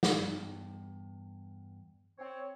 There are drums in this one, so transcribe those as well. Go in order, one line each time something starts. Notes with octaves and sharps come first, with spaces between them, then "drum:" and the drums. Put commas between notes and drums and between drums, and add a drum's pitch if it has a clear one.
drum: snare
E2 G2
C4 C#5